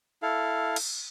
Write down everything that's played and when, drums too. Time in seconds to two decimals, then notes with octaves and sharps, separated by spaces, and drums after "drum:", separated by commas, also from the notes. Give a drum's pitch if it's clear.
0.22 E4 A4 F5
0.76 drum: cymbal